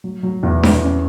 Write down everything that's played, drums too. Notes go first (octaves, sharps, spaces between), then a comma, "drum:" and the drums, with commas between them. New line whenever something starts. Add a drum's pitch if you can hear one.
F#3
F#3
E2
E2, drum: snare D4
C#4